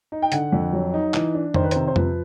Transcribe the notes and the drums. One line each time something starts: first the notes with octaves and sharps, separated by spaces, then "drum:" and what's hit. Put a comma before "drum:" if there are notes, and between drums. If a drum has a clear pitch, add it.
D#4
G5
D3 F#5, drum: hi-hat
F2
F#3
D#4
E3, drum: clap
D4
D#3 C5, drum: tom F2
B4
C3 C5, drum: hi-hat
C5
F3 B4, drum: tom F2